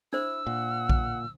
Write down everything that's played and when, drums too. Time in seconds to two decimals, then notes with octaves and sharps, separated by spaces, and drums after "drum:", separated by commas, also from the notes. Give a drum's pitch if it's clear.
0.13 D4 E4 C5 E6
0.47 A#2 F#5
0.89 drum: kick A#1